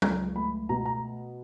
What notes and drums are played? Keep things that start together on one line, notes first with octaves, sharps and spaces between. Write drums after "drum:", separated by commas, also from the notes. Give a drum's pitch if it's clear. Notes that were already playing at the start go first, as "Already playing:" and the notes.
C#2 A#5, drum: tom F#3
A3 B5
B2 A#5
A#5